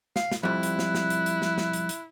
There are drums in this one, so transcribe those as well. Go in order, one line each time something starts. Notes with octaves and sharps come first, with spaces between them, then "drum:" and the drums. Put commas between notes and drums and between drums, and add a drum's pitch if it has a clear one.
F5, drum: snare
drum: snare
F2 G3 E4 F#6
drum: hi-hat
drum: snare
drum: snare
drum: hi-hat
drum: hi-hat
drum: snare
drum: snare
drum: hi-hat
drum: hi-hat